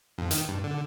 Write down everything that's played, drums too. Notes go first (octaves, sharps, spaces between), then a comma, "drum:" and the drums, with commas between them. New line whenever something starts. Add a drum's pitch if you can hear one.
F2
D#3, drum: hi-hat
G2
D3